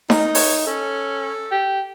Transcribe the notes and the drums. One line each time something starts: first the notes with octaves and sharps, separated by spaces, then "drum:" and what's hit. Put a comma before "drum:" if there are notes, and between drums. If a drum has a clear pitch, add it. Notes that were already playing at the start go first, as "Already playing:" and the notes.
D#4 A#4, drum: snare D#4
C#5, drum: open hi-hat
C#4 A4
G4